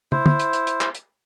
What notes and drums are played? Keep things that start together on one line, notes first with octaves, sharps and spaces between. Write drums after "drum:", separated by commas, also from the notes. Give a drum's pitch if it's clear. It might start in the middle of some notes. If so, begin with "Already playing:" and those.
E4 C5, drum: tom
drum: tom
drum: hi-hat
drum: hi-hat
drum: hi-hat
drum: clap
drum: hi-hat